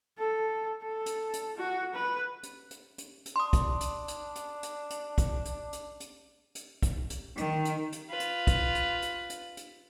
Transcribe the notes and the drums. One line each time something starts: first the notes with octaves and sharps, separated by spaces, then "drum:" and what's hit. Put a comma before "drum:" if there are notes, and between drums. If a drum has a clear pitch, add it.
A4
A4
drum: hi-hat
drum: hi-hat
F#4
B4
drum: hi-hat
drum: hi-hat
drum: hi-hat
drum: hi-hat
D4 C6 D#6
drum: kick, hi-hat
drum: hi-hat
drum: hi-hat
drum: hi-hat
drum: hi-hat
drum: hi-hat
drum: kick, hi-hat
drum: hi-hat
drum: hi-hat
drum: hi-hat
drum: hi-hat
drum: kick, hi-hat
drum: hi-hat
D#3, drum: hi-hat
drum: hi-hat
drum: hi-hat
F4 B4
drum: hi-hat
drum: kick, hi-hat
drum: hi-hat
drum: hi-hat
drum: hi-hat
drum: hi-hat